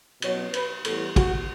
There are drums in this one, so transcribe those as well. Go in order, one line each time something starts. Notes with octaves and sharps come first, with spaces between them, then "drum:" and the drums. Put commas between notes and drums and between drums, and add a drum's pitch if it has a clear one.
B2 F#3 B3 C#5, drum: cymbal
B4, drum: cymbal
A2 E3 G3 B3 A4, drum: cymbal
F#4, drum: kick, cymbal